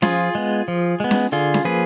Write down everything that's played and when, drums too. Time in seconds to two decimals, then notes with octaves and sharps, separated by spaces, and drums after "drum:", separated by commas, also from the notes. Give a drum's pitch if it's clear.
0.02 F3 F4 G#4, drum: snare C#4
0.35 G#3 B3
0.68 F3
1.00 G#3 B3
1.11 drum: snare C#4
1.32 D3 F4 G#4
1.54 drum: snare C#4
1.65 F3 A#3 G#4 B4